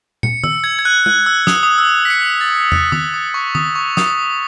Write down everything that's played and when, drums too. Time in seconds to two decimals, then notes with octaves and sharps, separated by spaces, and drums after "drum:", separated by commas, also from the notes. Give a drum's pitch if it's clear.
0.23 C#7, drum: tom
0.44 E6, drum: tom D#3
0.64 G#6
0.79 G#6
0.85 F#6
1.06 F#6, drum: tom
1.26 E6
1.47 D#6, drum: snare
1.63 D#6
1.78 E6
2.05 B6
2.10 C#7
2.41 A6
2.72 F#6, drum: tom
2.92 D#6, drum: tom D#3
3.14 D#6
3.34 C#6
3.55 D#6, drum: tom D#3
3.75 C#6
3.97 D#6, drum: snare